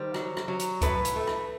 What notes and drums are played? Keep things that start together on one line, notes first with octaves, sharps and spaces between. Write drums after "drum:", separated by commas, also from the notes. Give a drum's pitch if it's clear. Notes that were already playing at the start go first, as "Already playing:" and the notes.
Already playing: D#3 G3 C5
F#3, drum: rim click
drum: rim click
F#3
drum: hi-hat
A2 B4, drum: kick C2, hi-hat
drum: hi-hat
A3
drum: rim click